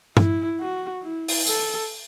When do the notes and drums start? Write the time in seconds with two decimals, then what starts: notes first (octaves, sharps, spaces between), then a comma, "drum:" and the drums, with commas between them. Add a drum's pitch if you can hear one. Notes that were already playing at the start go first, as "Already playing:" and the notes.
0.17 E4, drum: tom G2
0.60 F#4
1.03 E4
1.28 drum: open hi-hat
1.47 A4, drum: tambourine